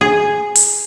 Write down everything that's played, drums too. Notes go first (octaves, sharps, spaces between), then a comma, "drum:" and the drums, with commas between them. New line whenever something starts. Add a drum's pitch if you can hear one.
G#4
drum: hi-hat